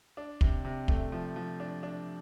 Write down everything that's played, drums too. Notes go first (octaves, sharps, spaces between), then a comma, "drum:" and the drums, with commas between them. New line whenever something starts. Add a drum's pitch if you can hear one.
D4
C3, drum: kick
C3
A3, drum: kick
F3
F3
D4
D4